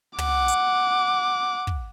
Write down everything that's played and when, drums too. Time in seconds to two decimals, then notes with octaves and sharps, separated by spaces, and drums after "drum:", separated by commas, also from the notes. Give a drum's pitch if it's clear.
0.18 F#5 D6, drum: tom
0.48 drum: hi-hat
1.67 drum: kick